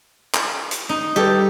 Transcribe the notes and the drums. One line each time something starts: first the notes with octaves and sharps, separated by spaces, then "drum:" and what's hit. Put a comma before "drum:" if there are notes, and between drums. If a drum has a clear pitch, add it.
drum: clap
drum: hi-hat
D#4
G3 G4 A4 B4